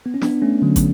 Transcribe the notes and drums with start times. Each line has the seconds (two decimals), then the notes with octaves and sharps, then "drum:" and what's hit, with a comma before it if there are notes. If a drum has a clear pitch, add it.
0.06 B3
0.14 C#4
0.21 B3 D4, drum: snare
0.42 A3 C#4
0.62 D3 F#3
0.76 drum: kick, hi-hat